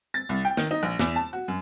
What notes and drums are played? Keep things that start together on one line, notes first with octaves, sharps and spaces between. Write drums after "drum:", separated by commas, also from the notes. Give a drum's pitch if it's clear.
A6
C2
G5
D#3, drum: snare
D#4
A#1
E2, drum: snare
A5
F#4
F#2